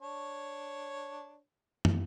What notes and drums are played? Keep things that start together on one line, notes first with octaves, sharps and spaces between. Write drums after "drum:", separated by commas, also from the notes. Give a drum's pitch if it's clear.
D4 C#5
drum: tom